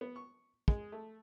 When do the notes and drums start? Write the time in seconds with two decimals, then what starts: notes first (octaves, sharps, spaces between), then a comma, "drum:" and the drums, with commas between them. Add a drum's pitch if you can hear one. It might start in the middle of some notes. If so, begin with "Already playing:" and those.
0.01 B3
0.16 C#6
0.68 G#3, drum: kick
0.92 A3